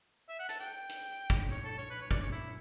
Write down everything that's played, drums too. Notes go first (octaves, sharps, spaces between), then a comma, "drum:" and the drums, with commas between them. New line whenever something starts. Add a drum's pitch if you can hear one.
E5
F#5
A5, drum: hi-hat
G5
drum: hi-hat
drum: kick, hi-hat
C#5
A4
C#5
B4
C#5
D5, drum: kick, hi-hat
C#5
E4